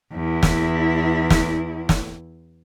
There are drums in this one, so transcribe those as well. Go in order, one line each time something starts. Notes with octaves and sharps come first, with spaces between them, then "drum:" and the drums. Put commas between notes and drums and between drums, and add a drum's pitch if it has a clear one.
E2 E4
drum: snare
drum: snare
drum: snare